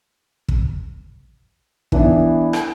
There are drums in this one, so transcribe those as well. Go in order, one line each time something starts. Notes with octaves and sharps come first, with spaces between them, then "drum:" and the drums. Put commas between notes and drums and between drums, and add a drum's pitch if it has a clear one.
drum: kick
E3 B3 D4 E4, drum: kick
drum: rim click